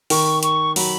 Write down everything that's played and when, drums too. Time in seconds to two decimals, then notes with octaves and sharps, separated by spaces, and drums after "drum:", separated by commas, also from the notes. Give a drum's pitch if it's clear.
0.10 D#3 C#6, drum: open hi-hat
0.43 C#6, drum: hi-hat
0.76 F#3 B5, drum: open hi-hat